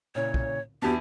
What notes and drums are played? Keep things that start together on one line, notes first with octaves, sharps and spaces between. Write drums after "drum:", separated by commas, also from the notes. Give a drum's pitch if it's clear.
A#2 C#3 E4 C#5
drum: kick
E2 B3 D4 F#4 G4 A5